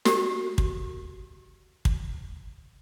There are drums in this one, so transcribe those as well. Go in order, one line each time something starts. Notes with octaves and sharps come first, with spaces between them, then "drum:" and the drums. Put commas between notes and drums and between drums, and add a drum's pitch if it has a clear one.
F#4 G4, drum: snare
drum: kick
drum: kick